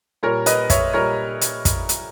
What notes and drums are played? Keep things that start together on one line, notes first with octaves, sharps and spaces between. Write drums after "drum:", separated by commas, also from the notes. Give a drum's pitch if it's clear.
A#2 G3 A#4 C#5
B4 D#5, drum: hi-hat
C#5 E5, drum: kick, hi-hat
A#2 G3 A#4 C#5
drum: hi-hat
drum: kick, hi-hat
drum: hi-hat